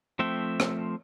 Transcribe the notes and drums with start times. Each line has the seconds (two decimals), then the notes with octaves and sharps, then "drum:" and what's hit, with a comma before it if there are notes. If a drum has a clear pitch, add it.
0.19 F3 A3 C4 E5 G5
0.60 drum: rim click